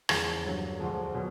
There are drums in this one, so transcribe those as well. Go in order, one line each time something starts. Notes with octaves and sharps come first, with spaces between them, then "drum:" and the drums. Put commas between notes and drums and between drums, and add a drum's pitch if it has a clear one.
E2 C#3 F3 G#3, drum: rim click
G2 D3 F#3
D2 D3 F3 G#3
B2 F#3